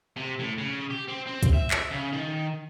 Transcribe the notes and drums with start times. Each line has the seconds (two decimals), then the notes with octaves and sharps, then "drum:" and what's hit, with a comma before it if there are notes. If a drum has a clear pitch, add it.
0.16 C3
0.39 A2
0.58 C#3
0.90 G4
1.08 C4
1.27 C4
1.43 drum: kick, hi-hat
1.53 E5
1.71 drum: clap
1.91 C#3
2.12 D#3